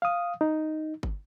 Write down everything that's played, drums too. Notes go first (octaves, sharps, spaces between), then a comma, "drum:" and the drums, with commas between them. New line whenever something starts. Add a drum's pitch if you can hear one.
F5 D#6
D#4
drum: kick